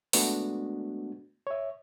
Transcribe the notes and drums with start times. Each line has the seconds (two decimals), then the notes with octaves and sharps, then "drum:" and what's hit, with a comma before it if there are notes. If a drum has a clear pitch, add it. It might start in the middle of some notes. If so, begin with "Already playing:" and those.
0.13 G#3 A3 B3 D4 F#4, drum: open hi-hat
1.47 C#5 E5